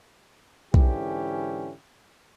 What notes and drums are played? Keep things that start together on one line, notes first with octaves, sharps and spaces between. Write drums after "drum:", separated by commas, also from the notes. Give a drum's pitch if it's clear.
G#2 D3 E3 C#4 E4 G4, drum: kick